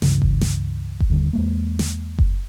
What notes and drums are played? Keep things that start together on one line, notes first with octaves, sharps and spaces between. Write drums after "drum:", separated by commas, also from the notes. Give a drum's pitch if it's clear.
C#2 G2 C#3 E3, drum: snare
drum: kick F#1
drum: snare
drum: kick F#1
D#2 D3 G3
E2 G#3 A#3
drum: snare
drum: kick F#1